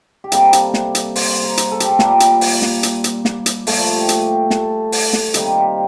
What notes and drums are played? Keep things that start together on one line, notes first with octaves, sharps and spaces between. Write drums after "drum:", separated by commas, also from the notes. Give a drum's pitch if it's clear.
G4
C3 G3 A#3 A4, drum: hi-hat
drum: hi-hat
drum: snare
drum: hi-hat
C5, drum: open hi-hat
A#4
drum: hi-hat
A4
G4, drum: hi-hat
A4
A#2 G3 A#3 G4, drum: snare
drum: hi-hat
drum: open hi-hat
drum: snare
drum: hi-hat
drum: hi-hat
drum: snare
drum: hi-hat
A#2 F3 A3 A4, drum: open hi-hat
G4
drum: hi-hat
G4
A4, drum: snare
drum: open hi-hat
drum: snare
C3 D#3 G3 A#3 G4, drum: hi-hat
F4
G4